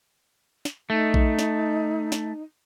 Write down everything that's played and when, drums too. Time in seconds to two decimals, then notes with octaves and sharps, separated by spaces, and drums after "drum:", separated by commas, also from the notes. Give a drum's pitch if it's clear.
0.65 drum: snare
0.90 A3 D#4
1.14 drum: kick A#1
1.39 drum: snare
2.12 drum: snare